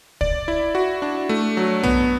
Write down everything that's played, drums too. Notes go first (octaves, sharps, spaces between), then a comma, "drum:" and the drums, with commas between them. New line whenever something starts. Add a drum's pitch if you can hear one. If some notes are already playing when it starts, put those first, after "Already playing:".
D5, drum: kick
E4
F#4
D4
A3
F#3
B3, drum: tom